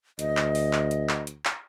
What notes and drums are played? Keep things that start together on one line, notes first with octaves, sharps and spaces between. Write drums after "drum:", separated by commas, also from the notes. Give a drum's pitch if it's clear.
D2 D#5, drum: hi-hat
drum: clap
drum: open hi-hat
drum: clap
drum: hi-hat
drum: clap
drum: hi-hat
drum: clap